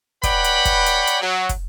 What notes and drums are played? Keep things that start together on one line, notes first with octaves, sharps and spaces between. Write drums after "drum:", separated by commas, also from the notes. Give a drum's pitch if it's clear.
B4 C#5 D5 F#5 G5 B5, drum: kick, hi-hat
drum: hi-hat
drum: kick, hi-hat
drum: hi-hat
drum: hi-hat
F#3
drum: kick, hi-hat